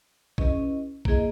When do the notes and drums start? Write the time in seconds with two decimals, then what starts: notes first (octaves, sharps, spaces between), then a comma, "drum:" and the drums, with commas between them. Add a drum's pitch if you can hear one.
0.38 C#4 E4 G#4 B4 D#5, drum: kick A1
1.05 A#3 E4 G#4 D#5, drum: kick A1